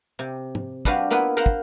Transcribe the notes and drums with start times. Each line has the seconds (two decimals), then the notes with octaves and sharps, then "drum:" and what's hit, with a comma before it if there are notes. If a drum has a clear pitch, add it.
0.19 C3
0.55 drum: tom
0.85 G3 D4 F#4 B4 C5 F5, drum: kick
1.11 A#3 B3 E4 F4 B4
1.37 A#4 C5 F5 F#5 A#5 B5
1.46 drum: kick